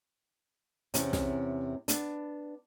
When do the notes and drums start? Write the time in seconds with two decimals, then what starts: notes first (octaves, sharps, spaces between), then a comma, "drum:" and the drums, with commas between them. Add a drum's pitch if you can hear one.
0.94 E2 C3 C4 C#4, drum: hi-hat
1.13 drum: snare
1.88 B3 D4, drum: hi-hat